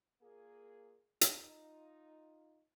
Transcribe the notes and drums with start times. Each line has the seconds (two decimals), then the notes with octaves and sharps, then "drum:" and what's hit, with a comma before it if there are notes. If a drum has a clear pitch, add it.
0.22 A#2 A#3 G#4
1.21 drum: hi-hat
1.30 D#4 F4